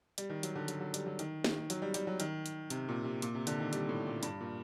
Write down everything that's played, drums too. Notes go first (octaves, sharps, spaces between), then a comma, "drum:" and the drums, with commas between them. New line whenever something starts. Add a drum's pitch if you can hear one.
G3, drum: hi-hat
D#3
F#3, drum: hi-hat
D3
F#3, drum: hi-hat
F#3
G3, drum: hi-hat
F#3
D#3, drum: hi-hat
D#3, drum: snare
F#3, drum: hi-hat
G3
G3, drum: hi-hat
F#3
D#3, drum: hi-hat
drum: hi-hat
C3, drum: hi-hat
A#2
C3
A#2, drum: hi-hat
C3
D3, drum: hi-hat
D#3
G3, drum: hi-hat
A2
A#2
G2, drum: hi-hat
A#2